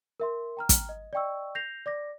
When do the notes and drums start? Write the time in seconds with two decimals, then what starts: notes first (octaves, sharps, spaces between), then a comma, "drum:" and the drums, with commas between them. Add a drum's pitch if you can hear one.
0.20 A#4 E5 C6
0.57 G5 A#5 F6
0.69 drum: kick, hi-hat
0.89 D#5
1.13 D5 D#5 G5 C#6 E6
1.55 G6 A#6 C7 F7
1.86 D5 D6 A#6